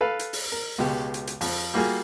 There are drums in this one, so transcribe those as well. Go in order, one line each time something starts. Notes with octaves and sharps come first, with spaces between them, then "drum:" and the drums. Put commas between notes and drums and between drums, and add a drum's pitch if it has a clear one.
A4 B4 F5
drum: hi-hat
drum: open hi-hat
A#4
C#2 B2 G#3 G4
drum: hi-hat
drum: hi-hat
F2, drum: open hi-hat
G3 A#3 F4 F#4 G#4